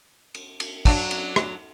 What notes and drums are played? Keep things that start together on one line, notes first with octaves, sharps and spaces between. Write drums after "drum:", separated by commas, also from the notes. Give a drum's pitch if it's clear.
drum: cymbal
drum: cymbal
F#3 D4, drum: kick, cymbal
drum: cymbal
drum: rim click